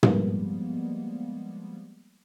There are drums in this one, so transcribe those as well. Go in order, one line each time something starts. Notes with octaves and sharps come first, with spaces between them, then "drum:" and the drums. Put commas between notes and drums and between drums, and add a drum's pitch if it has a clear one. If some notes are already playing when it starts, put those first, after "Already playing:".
F3 G3 G#3 A#3 B3, drum: tom